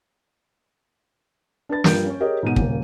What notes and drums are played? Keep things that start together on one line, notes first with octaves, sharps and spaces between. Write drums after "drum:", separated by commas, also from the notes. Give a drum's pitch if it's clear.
D4 B4 A6
G2 F3 G3 A#4 G6 D7, drum: snare
C#4 C#5
G4 G#4 A#4 C#5 D#5
G#2 B2 F#5 D#7
D#1 C#3 A#3, drum: kick